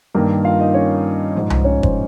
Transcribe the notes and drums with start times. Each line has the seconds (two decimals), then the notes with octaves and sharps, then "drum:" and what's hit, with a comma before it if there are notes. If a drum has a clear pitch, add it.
0.14 G2 D#3 A#3 A#4
0.44 F4 F5
0.59 D#4 D#5
0.74 C#4 C#5
1.34 G#2 F3
1.50 drum: tom C2
1.64 C#4 C#5
1.83 C5, drum: kick